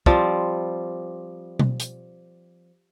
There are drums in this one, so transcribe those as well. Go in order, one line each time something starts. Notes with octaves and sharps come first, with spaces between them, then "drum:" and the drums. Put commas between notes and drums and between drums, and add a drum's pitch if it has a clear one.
F3 G3 C4, drum: kick
drum: tom B2
drum: hi-hat